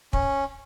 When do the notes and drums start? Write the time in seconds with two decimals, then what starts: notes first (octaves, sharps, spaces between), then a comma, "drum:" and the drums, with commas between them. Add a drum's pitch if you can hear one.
0.13 C#4, drum: kick